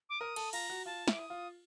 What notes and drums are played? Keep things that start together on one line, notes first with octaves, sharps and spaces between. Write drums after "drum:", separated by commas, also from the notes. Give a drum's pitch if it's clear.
D6
A#4 D#6
A4, drum: cymbal
F4 A#5, drum: cymbal
F#4
F4 A5
E4 D6, drum: snare
D#6
F4